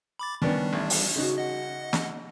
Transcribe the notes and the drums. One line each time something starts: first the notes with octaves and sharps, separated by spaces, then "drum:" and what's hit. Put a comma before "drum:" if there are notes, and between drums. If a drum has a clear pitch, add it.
B5 D6 A6
D#3 G3 B3 C#4 D4 D5
A1
drum: open hi-hat
C#3 D#4 F#4
D#5 F#5
drum: snare